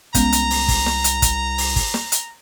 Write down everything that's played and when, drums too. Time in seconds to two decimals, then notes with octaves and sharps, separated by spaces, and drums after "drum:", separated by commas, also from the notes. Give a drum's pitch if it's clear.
0.14 C2 G#3 B3 C#4 A#5, drum: kick, hi-hat
0.32 drum: hi-hat
0.50 drum: open hi-hat
0.68 drum: kick, open hi-hat
0.86 drum: snare
1.04 drum: hi-hat
1.22 drum: kick, hi-hat
1.58 drum: open hi-hat
1.76 drum: kick, open hi-hat
1.94 drum: snare
2.12 drum: hi-hat